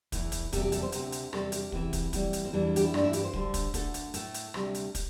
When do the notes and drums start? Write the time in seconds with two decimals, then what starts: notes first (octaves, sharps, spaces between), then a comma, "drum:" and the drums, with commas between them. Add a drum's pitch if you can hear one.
0.12 E2 E3 A3, drum: kick, hi-hat
0.32 drum: kick, hi-hat
0.53 E2 C3 G3 A4, drum: kick, hi-hat
0.61 G4
0.72 A4, drum: hi-hat
0.82 C5
0.92 D2 C3 A3, drum: hi-hat
1.12 drum: hi-hat
1.33 E2 C3 G3 A4, drum: rim click
1.52 G4, drum: hi-hat
1.72 E2 C3 E3 C4, drum: kick
1.93 drum: kick, hi-hat
2.13 A2 E3 G3, drum: kick, hi-hat
2.33 drum: hi-hat
2.45 C4
2.53 E2 E3 G3 D4
2.76 G4, drum: hi-hat
2.84 E4
2.94 G2 E3 A3 D4, drum: rim click
3.04 E4
3.13 G4, drum: hi-hat
3.24 C5
3.33 D2 D3 G3, drum: kick
3.54 drum: kick, hi-hat
3.74 D2 D3 A3 A4, drum: kick, hi-hat
3.94 drum: hi-hat
4.14 A2 A3 A4, drum: hi-hat
4.34 drum: hi-hat
4.54 D2 C3 G3, drum: rim click
4.74 drum: hi-hat
4.95 drum: kick, hi-hat